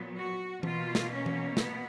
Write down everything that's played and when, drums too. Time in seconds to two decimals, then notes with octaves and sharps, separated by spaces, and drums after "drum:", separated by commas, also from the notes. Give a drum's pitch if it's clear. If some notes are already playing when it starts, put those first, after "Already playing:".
Already playing: A#2 F#3 B3
0.16 F#4
0.63 B2 A#3 F4, drum: tom E3
0.95 drum: snare
1.11 C#4
1.26 drum: tom E3
1.57 B3, drum: snare